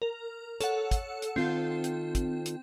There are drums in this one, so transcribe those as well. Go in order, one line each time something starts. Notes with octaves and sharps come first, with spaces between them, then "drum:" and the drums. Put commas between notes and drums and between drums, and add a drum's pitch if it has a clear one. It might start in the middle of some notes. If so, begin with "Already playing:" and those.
A#4
A4 C#5 F#5, drum: hi-hat
drum: kick, hi-hat
drum: hi-hat
D#3 C4 F4 A4
drum: hi-hat
drum: kick, hi-hat
drum: hi-hat